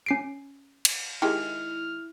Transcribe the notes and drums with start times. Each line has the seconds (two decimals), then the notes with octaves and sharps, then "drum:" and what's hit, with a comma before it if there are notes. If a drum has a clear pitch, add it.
0.06 C#4 C7 D7
0.85 drum: cymbal
1.22 D#3 G#3 E4 G4 F6